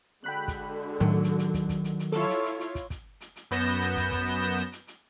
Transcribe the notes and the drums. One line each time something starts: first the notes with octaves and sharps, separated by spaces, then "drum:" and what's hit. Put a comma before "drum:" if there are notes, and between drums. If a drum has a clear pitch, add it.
D3 G#3 F#4 G5 B5 F#6
drum: kick, hi-hat
A2 D#3 F#3
drum: hi-hat
drum: hi-hat
drum: kick, hi-hat
drum: kick, hi-hat
drum: hi-hat
drum: hi-hat
E4 F4 A4 C#5, drum: hi-hat
drum: hi-hat
drum: hi-hat
drum: hi-hat
drum: kick, hi-hat
drum: kick, hi-hat
drum: hi-hat
drum: hi-hat
F#2 B3 G6 A#6 E7, drum: hi-hat
drum: hi-hat
drum: hi-hat
drum: kick, hi-hat
drum: kick, hi-hat
drum: hi-hat
drum: hi-hat
drum: hi-hat
drum: hi-hat
drum: hi-hat